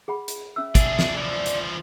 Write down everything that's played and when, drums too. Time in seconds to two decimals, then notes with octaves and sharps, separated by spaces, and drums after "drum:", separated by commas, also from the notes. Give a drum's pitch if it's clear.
0.08 G#4 F#5 B5
0.28 drum: hi-hat
0.56 C#4 E5 E6
0.75 D4 G#4, drum: kick, hi-hat
0.99 drum: snare
1.17 E3 F3 D5
1.46 drum: hi-hat